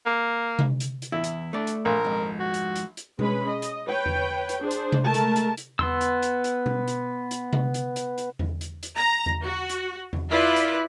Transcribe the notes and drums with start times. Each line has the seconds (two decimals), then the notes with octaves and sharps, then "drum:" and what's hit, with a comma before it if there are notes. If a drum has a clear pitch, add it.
0.06 A#3
0.59 drum: tom C3
0.80 drum: hi-hat
1.02 drum: hi-hat
1.12 E2 E4
1.24 drum: hi-hat
1.53 A3 D4 D5
1.67 drum: hi-hat
1.85 A#1 A#4
2.05 F2 G#2
2.40 F#4
2.54 drum: hi-hat
2.76 drum: hi-hat
2.97 drum: hi-hat
3.19 G#3 C#4 B4 B5, drum: tom B2
3.49 D#5
3.62 drum: hi-hat
3.87 B4 C#5 G5
4.06 drum: tom E2
4.49 drum: hi-hat
4.61 D4 G#4 C5
4.71 drum: hi-hat
4.92 drum: tom C3
5.03 G#3 A3 A#4 A5
5.14 drum: hi-hat
5.36 drum: hi-hat
5.57 drum: hi-hat
5.79 B3 C6 E6, drum: tom E2
6.01 drum: hi-hat
6.23 drum: hi-hat
6.44 drum: hi-hat
6.66 drum: tom B2
6.88 drum: hi-hat
7.31 drum: hi-hat
7.53 drum: tom C3
7.74 drum: hi-hat
7.96 drum: hi-hat
8.18 drum: hi-hat
8.39 drum: tom E2
8.61 drum: hi-hat
8.83 drum: hi-hat
8.96 A#5
9.26 drum: tom E2
9.43 F#4
9.69 drum: hi-hat
10.13 drum: tom E2
10.31 E4 F4 B4 D5
10.56 drum: hi-hat